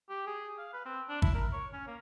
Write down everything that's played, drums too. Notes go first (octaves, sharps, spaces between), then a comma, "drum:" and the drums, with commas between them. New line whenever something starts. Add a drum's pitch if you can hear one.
G4
G#4
F5
B4
C4
D4
E4, drum: kick
A#4
C#5
C#4
A#3